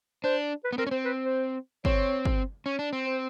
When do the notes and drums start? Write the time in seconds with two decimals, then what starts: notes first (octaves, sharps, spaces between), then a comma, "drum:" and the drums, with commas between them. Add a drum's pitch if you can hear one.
0.24 D4 C5
0.64 B4
0.73 B3
0.78 C4 A#4
0.87 C#4
0.91 C4 C5
1.05 B4
1.25 C5
1.85 C4 C#5, drum: kick
2.25 drum: kick
2.66 C#4
2.79 D4
2.93 C4
3.05 C5